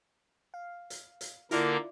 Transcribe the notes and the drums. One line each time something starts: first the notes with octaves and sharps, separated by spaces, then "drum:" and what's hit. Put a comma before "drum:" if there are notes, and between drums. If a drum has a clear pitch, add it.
F5
drum: hi-hat
drum: hi-hat
D3 A#3 E4 F4 A#4 D5, drum: hi-hat